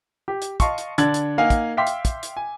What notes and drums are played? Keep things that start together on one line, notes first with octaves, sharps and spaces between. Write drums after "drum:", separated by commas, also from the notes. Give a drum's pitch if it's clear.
G4
drum: hi-hat
D#5 F5 A5 C6 C#6, drum: kick, hi-hat
drum: hi-hat
D3 D4 G#6 A6 F#7, drum: hi-hat
drum: hi-hat
A#3 D#4 F5 F#5 G#5
drum: kick, hi-hat
E5 F5 G5 C6 D6 B6
drum: hi-hat
drum: kick, hi-hat
drum: hi-hat
G#5